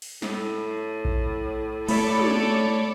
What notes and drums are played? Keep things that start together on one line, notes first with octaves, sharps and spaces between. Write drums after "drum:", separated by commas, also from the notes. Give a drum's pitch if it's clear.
drum: open hi-hat
A2, drum: snare
drum: kick A#1
A3 E4 A4 C#5 D5 E5 B5, drum: cymbal
drum: tom